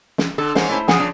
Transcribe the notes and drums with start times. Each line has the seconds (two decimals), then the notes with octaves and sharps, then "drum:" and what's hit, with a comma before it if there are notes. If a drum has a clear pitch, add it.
0.18 drum: snare
0.38 D3 A4
0.55 G#2 A#3 C#4 C5 F#5, drum: snare
0.69 A3 E4 C5
0.88 C#3 F3 G#4 F#5 G#5, drum: snare
1.00 D4